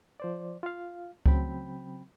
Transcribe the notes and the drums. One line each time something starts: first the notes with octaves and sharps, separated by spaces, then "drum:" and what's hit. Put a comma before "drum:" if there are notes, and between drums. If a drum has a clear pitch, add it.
F3 C5 D5
F4 F5
C#3 F#3 C4 G5 B5, drum: kick C#2